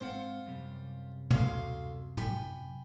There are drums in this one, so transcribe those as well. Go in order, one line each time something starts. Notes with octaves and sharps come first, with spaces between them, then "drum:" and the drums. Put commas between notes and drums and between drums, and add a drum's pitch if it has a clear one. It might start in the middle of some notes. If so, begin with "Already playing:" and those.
G#2 C4 F4 C5 F#5
F#2 C3 G3
D2 F5 C6, drum: tom
G5 G#5 B5, drum: tom